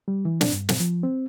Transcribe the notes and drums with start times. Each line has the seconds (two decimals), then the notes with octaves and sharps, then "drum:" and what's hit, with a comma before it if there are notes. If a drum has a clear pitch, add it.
0.08 G3
0.25 E3
0.41 D4, drum: snare
0.53 G2
0.69 drum: snare
0.80 F3
1.03 C4